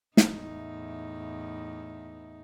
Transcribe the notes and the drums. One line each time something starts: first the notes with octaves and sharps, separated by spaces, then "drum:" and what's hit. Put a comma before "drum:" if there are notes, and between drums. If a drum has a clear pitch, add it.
E2 A2 D#4, drum: snare